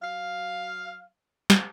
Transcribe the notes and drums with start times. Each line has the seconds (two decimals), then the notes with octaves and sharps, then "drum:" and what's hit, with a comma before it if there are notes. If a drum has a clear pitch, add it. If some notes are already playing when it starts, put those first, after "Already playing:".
0.03 F#3 F5
1.50 drum: snare